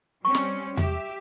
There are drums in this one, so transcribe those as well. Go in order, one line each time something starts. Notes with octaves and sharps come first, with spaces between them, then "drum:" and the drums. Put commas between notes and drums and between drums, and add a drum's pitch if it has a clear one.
G3 C4 C#4 C#6
drum: snare
G4 E5, drum: tom E2